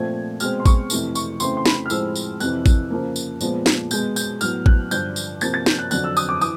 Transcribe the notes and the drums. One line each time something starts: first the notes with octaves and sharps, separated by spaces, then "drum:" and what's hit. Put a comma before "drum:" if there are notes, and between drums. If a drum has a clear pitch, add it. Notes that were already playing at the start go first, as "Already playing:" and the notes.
Already playing: A#2 F3 A3 C4 G#6
B2 G#3 C4 F6, drum: tambourine
C6
C#6, drum: kick A1, tambourine
F2 C3 E3 A3, drum: tambourine
C#6, drum: tambourine
C#3 E3 A3 C4 C6, drum: tambourine
C6
B5, drum: snare
F6
A2 F3 G#3 C4 E6, drum: tambourine
drum: tambourine
F2 C3 E3 F#6, drum: tambourine
drum: kick A1, tambourine
C#3 F3 A#3
drum: tambourine
A#2 F3 G#3 B3, drum: tambourine
drum: snare
B2 G#3 B3 G6, drum: tambourine
G6, drum: tambourine
A2 F#3 B3 F6, drum: tambourine
F#6, drum: kick A1
G2 D3 F3 G6, drum: tambourine
drum: tambourine
C3 F3 A#3 A6, drum: tambourine
A6
G6, drum: snare
F#6
F2 D3 F#3 F#6, drum: tambourine
E6
D#6, drum: tambourine
D6
E3 D#6, drum: tambourine